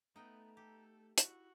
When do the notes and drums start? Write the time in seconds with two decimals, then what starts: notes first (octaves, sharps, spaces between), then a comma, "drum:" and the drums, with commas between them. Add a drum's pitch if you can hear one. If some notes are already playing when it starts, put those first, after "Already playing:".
0.16 A3 B3 D#4 G5 A#5
0.57 G4 A4
1.18 E4 F#4, drum: hi-hat